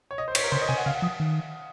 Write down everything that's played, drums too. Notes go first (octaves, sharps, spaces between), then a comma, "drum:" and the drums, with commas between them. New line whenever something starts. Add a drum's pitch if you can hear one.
C#5
D#5
C5
C#5, drum: cymbal
A#4
C#3 C5
D#5
C3 G#5
F#5
C#3 F5
F#5
F3 D#6
D#3